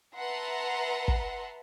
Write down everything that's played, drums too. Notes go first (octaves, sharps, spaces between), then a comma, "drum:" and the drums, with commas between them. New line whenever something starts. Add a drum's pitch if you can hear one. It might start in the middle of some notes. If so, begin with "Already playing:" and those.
B4 E5 F#5 A5 A#5 C6
drum: kick